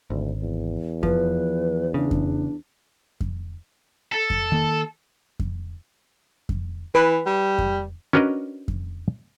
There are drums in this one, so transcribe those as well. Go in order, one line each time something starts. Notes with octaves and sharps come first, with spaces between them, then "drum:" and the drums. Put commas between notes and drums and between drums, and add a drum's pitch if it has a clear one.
G#1 D2
E2
F3 B4, drum: kick F2
C#3 D4
drum: kick F2
drum: kick F2
A4
drum: kick F2
D#3 A#3
drum: kick F2
drum: kick F2
E3 B4
G3
drum: kick F2
C#4 D4 F#4 A#4 B4 D#5
drum: kick F2